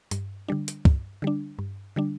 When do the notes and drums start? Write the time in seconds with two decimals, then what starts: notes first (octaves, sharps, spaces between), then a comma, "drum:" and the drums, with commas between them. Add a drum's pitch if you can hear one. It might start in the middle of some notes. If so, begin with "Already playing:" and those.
0.11 G2, drum: hi-hat
0.48 D3 G3 D4
0.68 drum: hi-hat
0.85 G2, drum: kick
1.22 D3 G3 D4
1.59 G2
1.96 D3 G3 D4